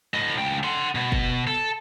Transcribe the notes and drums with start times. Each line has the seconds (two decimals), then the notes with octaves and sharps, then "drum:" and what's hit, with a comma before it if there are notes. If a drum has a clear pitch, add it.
0.14 A2 D#5
0.38 C#2 G5
0.64 F#5 C6
0.95 B2
1.12 drum: kick
1.47 A4